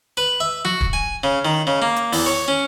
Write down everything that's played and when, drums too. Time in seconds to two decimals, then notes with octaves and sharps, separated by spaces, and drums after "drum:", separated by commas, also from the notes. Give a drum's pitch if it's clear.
0.17 B4
0.40 E5
0.65 F#4, drum: tom F3
0.81 drum: kick
0.93 G#5
1.24 C#3
1.45 D#3
1.67 C#3
1.82 A#3
1.96 drum: hi-hat
2.13 E2, drum: open hi-hat
2.26 C#5
2.48 C#4